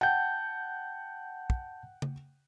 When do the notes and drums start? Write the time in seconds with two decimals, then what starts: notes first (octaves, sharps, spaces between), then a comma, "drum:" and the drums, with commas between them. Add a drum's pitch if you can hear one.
0.01 F#5 G5 A5 G6
1.50 drum: kick
2.02 drum: tom C#3